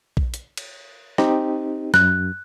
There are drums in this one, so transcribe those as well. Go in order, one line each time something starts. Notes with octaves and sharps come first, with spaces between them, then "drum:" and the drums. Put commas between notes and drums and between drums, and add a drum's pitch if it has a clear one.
drum: kick A#1
drum: hi-hat
drum: cymbal
C4 D#4 G4, drum: rim click
F#2 F#6, drum: rim click